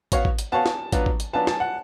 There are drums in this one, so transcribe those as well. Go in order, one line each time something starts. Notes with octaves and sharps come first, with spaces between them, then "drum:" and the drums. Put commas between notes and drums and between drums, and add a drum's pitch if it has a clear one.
B3 F#4 C#5 F5, drum: kick, hi-hat
drum: kick
drum: hi-hat
B3 F#4 C#5 F5 A5
drum: snare
F#3 B3 D4 F4 B4, drum: kick, hi-hat
drum: kick
drum: hi-hat
F#3 B3 D4 F4 B4 A5
A5, drum: snare
F#5